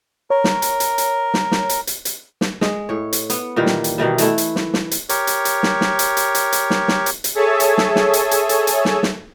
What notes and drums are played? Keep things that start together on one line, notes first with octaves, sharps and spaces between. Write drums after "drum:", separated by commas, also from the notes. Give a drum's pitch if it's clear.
A#4 C#5
drum: snare
drum: hi-hat
drum: hi-hat
drum: hi-hat
drum: snare
drum: snare
drum: hi-hat
drum: hi-hat
drum: hi-hat
drum: snare
G#3, drum: snare
A2 C#5
drum: hi-hat
B3 F#5, drum: hi-hat
A#2 D#3 E3 G3
drum: snare
drum: hi-hat
B2 D#3 E3 G3
E3 A3 E4, drum: hi-hat
drum: hi-hat
drum: snare
drum: snare
drum: hi-hat
G4 A#4 C#5, drum: hi-hat
drum: hi-hat
drum: hi-hat
drum: snare
drum: snare
drum: hi-hat
drum: hi-hat
drum: hi-hat
drum: hi-hat
drum: snare
drum: snare
drum: hi-hat
drum: hi-hat
G#4 A4 C#5 E5 G#5 A5
drum: hi-hat
drum: snare
drum: snare
drum: hi-hat
drum: hi-hat
drum: hi-hat
drum: hi-hat
drum: snare
drum: snare